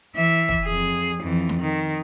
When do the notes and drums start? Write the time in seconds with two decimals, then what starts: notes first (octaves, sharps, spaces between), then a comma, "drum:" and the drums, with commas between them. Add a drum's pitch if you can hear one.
0.15 E3 E5
0.49 drum: kick
0.65 F2 G#4
1.21 F2 E3
1.49 drum: snare
1.61 D#3